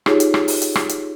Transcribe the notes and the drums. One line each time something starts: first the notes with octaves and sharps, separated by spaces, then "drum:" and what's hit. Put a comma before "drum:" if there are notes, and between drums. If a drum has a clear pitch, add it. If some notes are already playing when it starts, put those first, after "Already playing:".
D#4 F4 G4 G#4 C#5, drum: rim click
drum: hi-hat
drum: rim click
drum: open hi-hat
drum: hi-hat
drum: rim click
drum: hi-hat